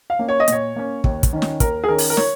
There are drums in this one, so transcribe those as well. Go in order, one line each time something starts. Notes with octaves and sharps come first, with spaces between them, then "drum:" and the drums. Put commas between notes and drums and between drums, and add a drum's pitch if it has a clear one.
F5
A#3 C#4
C#5
D#5
A#2 C#5, drum: hi-hat
A#3 C#4
D#2, drum: kick
drum: kick, hi-hat
D#3 C#4
drum: snare
D#2 A#4, drum: kick, hi-hat
G#4
D#3 C#4 A#4
drum: open hi-hat
A#4
C#5, drum: snare